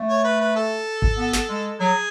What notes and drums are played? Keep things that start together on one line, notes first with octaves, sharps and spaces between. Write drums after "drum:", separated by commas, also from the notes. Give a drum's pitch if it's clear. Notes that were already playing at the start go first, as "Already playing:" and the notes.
Already playing: A3
C#5
B4
B4
A4
drum: kick G#1
B3
drum: snare
G#3
F#3 G#4